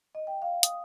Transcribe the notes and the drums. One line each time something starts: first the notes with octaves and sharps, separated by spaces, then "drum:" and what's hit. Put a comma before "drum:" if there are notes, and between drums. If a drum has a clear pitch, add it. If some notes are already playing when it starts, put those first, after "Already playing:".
D#5
G5
F5
D#6, drum: hi-hat